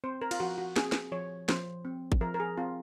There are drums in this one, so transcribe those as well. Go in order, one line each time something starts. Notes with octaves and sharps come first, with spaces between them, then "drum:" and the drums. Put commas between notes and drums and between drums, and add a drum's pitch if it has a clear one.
C4 C5
A#4
F4, drum: cymbal
F3 F#4
F#4
C4 G#4, drum: snare
drum: snare
F3 C#5
F3 C5, drum: snare
C4
drum: kick G#1
F3 A#4
A#4
G#4
C4 F4